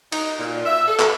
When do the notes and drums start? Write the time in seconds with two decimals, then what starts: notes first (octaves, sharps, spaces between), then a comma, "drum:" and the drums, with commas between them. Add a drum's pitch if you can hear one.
0.12 D#4, drum: cymbal
0.39 A#2
0.65 E5
0.88 A4
0.99 drum: clap